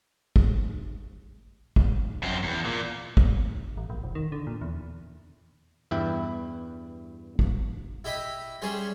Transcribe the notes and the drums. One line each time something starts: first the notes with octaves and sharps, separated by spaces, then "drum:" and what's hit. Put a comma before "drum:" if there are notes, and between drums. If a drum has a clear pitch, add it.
drum: kick G#1
drum: kick G#1
F#2 C4
E2
A#2
drum: kick G#1
A1
A#1
F1
D#3
D3
A#2
E2
E2 G2 E4 B4 E5 G5
drum: kick G#1
E4 G4 D#5 B5
G3 C#4 G#4 C5